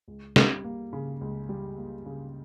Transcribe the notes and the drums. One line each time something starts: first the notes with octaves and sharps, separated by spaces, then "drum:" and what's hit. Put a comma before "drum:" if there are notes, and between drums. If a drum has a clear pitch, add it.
C#2
G3, drum: snare
A#3
C#3
C#2
G3
A#3
C#3